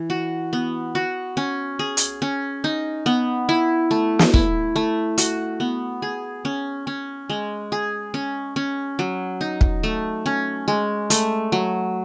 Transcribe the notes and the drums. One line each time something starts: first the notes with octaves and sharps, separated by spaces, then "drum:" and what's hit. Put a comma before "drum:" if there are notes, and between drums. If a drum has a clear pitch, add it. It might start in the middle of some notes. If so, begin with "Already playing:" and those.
Already playing: E3
F#4
B3
F#4
C#4
G#4
drum: hi-hat
C#4
D#4
B3
E4
A3
drum: snare
E4, drum: kick
A3
F#4, drum: hi-hat
B3
G#4
C#4
C#4
G#3
G#4
C#4
C#4
F#3
D#4
drum: kick
A3
C#4
G#3
A3, drum: hi-hat
F#3